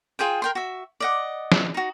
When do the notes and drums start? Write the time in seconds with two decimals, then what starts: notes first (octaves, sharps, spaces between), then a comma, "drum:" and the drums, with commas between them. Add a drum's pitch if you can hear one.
0.19 F4 G#4 C5 G5
0.42 A#4 G5 C6
0.55 F#4 E5
1.00 D5 D#5 F#5
1.52 drum: snare
1.74 D#4 F#4